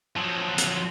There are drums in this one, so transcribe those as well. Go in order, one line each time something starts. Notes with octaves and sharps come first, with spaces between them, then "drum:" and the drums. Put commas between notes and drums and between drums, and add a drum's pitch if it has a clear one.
F3 F#3
drum: hi-hat